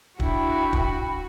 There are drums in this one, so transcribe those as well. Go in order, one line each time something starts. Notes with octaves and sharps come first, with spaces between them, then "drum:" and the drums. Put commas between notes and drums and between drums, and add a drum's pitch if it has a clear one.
D4 E4 F#4 G5 B5, drum: kick
drum: kick